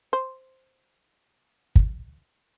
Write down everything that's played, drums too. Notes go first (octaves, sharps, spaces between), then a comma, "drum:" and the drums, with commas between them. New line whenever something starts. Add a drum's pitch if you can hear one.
C5
drum: kick